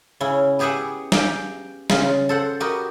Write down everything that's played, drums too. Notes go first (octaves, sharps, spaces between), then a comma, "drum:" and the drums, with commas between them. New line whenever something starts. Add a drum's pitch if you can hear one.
C#3 C#4 E4
B3 G4 G#4 B4 E5 F#5
G4 F5 G5 G#5, drum: snare
C#3 F4 C6, drum: snare
A4 C5 F#5
F#4 G4 A#4 B4 D#5